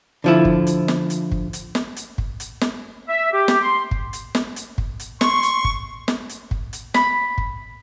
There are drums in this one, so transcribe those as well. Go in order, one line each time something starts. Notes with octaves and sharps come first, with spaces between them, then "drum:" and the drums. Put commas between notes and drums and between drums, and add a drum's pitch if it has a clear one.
D3 F3 E4
drum: kick
drum: hi-hat
drum: snare
drum: hi-hat
drum: kick
drum: hi-hat
drum: snare
drum: hi-hat
drum: kick
drum: hi-hat
drum: snare
E5
G4
drum: snare
C6
drum: kick
drum: hi-hat
drum: snare
drum: hi-hat
drum: kick
drum: hi-hat
C6 C#6, drum: snare
drum: hi-hat
drum: kick
drum: snare
drum: hi-hat
drum: kick
drum: hi-hat
B5, drum: snare
drum: kick